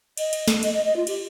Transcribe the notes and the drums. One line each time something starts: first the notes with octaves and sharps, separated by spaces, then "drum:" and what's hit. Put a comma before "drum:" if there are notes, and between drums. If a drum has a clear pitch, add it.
D#5, drum: cymbal
drum: cymbal
drum: snare
D#5, drum: cymbal
D#5
D#5
F4
G4, drum: cymbal